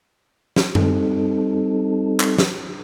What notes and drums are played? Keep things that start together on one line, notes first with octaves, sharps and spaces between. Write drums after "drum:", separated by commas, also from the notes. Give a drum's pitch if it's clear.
drum: snare
G3 C4 D#4 A4, drum: tom F#2
drum: clap
drum: snare